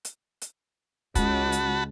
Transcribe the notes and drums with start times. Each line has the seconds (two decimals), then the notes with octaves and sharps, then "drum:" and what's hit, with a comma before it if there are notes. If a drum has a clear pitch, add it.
0.05 drum: hi-hat
0.42 drum: hi-hat
1.15 C#2 F#4 A5 B5, drum: kick, hi-hat
1.52 drum: hi-hat